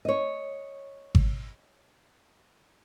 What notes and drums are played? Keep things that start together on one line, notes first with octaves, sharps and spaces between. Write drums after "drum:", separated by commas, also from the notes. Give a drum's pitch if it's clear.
C#5 D#5
drum: kick G#1